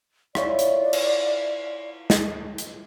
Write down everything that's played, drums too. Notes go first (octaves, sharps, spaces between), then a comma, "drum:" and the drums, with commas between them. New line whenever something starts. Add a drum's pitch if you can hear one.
E4 F4 C#5 D5, drum: rim click
drum: hi-hat
drum: cymbal
drum: snare
drum: hi-hat